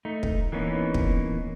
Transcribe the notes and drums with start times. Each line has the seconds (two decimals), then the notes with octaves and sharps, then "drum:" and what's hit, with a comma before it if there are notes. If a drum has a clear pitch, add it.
0.05 A3 D#4
0.23 drum: kick
0.52 E3 A#3 B3 C#4 D#4
0.94 drum: kick